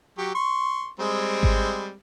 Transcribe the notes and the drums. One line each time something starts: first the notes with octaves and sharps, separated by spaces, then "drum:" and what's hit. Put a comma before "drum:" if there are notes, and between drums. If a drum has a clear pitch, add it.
F#3 G4
C6 C#6
G3 G#3 C4
drum: kick G#1